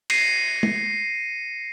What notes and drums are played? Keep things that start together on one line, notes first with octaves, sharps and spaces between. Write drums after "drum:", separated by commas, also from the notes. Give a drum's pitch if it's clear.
A#6 C7 C#7 D#7, drum: cymbal
drum: tom